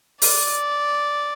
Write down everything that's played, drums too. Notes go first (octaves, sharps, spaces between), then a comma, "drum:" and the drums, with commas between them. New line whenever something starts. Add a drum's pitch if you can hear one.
D5, drum: open hi-hat